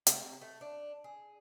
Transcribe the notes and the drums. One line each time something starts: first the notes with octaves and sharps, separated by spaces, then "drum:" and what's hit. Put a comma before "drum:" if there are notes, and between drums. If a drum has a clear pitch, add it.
C3, drum: hi-hat
A3
D4
G#4